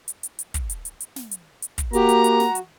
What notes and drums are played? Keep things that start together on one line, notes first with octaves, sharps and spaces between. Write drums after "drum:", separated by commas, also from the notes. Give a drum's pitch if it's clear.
drum: hi-hat
drum: hi-hat
drum: hi-hat
drum: kick, hi-hat
drum: hi-hat
drum: hi-hat
drum: hi-hat
drum: snare
drum: hi-hat
drum: hi-hat
drum: kick, hi-hat
A#3 F#4 G4 A#5, drum: hi-hat
drum: hi-hat
drum: hi-hat
drum: snare
drum: hi-hat